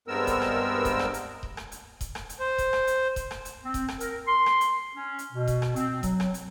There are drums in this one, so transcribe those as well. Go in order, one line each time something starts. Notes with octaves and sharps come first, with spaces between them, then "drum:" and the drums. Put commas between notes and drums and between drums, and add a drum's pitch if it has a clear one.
G2 G#3 B3 C4 A#4 E6
drum: kick D#1, hi-hat
drum: rim click
drum: kick D#1, hi-hat
drum: rim click
drum: hi-hat
drum: kick D#1
drum: rim click
drum: hi-hat
drum: kick D#1, hi-hat
drum: rim click
drum: hi-hat
C5
drum: kick D#1, hi-hat
drum: rim click
drum: hi-hat
drum: kick D#1, hi-hat
drum: rim click
drum: hi-hat
C4
drum: kick D#1, hi-hat
drum: rim click
A#4, drum: hi-hat
C6
drum: rim click
drum: hi-hat
C#4
drum: hi-hat
B2
drum: kick D#1, hi-hat
drum: rim click
C4, drum: hi-hat
F#3, drum: kick D#1, hi-hat
drum: rim click
drum: hi-hat